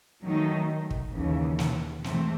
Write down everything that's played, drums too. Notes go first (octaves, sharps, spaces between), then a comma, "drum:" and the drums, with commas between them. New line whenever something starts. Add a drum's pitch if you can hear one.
D#3 F#3 A3 D#4
drum: kick
D#2 C#3 E3
drum: snare
G#2 E3 A3 C4, drum: snare